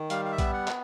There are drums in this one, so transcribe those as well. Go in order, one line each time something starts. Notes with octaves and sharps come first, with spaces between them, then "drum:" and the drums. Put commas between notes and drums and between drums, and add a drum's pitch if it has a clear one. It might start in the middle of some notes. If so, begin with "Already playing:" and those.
Already playing: D#3
G3 F5, drum: hi-hat
F5
E5
B3, drum: kick, hi-hat
F#5
drum: clap